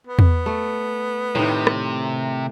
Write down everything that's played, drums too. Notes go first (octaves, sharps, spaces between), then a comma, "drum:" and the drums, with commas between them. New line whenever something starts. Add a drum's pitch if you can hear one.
B3
drum: tom E2
A3
A2 C3 D#3
drum: rim click